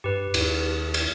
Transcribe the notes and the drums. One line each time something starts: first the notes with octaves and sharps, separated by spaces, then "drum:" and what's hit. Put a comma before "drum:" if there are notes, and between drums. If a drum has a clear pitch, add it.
G2 G4 B4
D#2, drum: cymbal
drum: cymbal